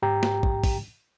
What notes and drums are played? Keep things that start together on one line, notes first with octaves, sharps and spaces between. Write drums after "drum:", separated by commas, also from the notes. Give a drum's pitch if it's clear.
G#2 G4 G5 A#5
drum: snare
drum: kick
drum: kick, open hi-hat